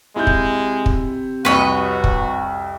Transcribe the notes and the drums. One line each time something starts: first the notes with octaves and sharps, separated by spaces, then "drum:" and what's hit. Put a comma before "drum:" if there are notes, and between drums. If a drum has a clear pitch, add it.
C3 G#3 E4 G6
drum: kick
drum: kick
C2 F2 F#4 B4 C#5 D#5
drum: kick